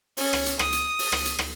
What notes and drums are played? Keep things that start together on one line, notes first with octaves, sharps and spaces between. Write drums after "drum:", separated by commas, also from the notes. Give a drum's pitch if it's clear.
C#4, drum: open hi-hat
drum: rim click
drum: hi-hat
D#6, drum: rim click
drum: hi-hat
drum: open hi-hat
drum: rim click
drum: hi-hat
drum: rim click